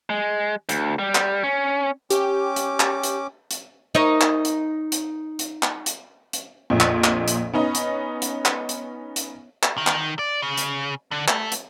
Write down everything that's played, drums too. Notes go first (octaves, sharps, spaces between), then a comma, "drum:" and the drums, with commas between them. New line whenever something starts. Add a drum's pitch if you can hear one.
G#3
D2, drum: hi-hat
G3
drum: clap
C#4
C#4 G4 D6, drum: hi-hat
drum: hi-hat
drum: clap
drum: hi-hat
drum: hi-hat
D#4 A#4 C#5
drum: clap
drum: hi-hat
drum: hi-hat
drum: hi-hat
drum: clap
drum: hi-hat
drum: hi-hat
A#1 F2 A#2
drum: clap
drum: clap
drum: hi-hat
B3 C#4 D#4 D#5
drum: hi-hat
drum: hi-hat
drum: clap
drum: hi-hat
drum: hi-hat
drum: clap
D#3
drum: clap
D5
C#3
drum: hi-hat
D3
A3, drum: clap
drum: hi-hat